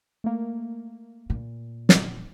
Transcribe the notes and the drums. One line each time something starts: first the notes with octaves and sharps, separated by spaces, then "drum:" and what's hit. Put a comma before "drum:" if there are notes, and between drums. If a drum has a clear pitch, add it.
A3 A#3
A#2
drum: snare